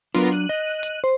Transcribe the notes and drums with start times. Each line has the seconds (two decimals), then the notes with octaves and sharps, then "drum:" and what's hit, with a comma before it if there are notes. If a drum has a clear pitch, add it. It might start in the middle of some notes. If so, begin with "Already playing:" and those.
0.14 F#3 B3 D4 F4 A#4, drum: hi-hat
0.32 F#6 D#7
0.49 D#5
0.83 drum: hi-hat
1.04 C5